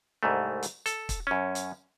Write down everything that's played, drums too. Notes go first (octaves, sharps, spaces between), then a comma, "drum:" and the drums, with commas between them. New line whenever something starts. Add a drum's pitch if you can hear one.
C2 G#2 A3
drum: hi-hat
A4, drum: hi-hat
drum: kick, hi-hat
F#2 C#4
drum: hi-hat